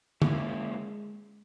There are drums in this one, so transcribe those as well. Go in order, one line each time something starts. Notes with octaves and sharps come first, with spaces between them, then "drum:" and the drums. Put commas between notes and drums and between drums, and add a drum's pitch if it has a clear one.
G#3 A#3 C#4 E4, drum: tom